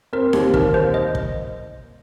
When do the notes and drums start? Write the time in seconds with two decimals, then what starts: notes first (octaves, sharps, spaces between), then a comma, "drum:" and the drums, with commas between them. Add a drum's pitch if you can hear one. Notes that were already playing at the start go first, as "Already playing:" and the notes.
0.13 C4 A#4
0.33 D#2 G4, drum: snare D#4
0.54 D#2 A#4, drum: kick
0.74 D#2 C5
0.94 D#5
1.15 drum: kick